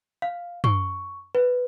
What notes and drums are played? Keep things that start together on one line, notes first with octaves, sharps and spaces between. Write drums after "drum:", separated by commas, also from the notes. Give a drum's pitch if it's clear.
F5
C#6, drum: tom
B4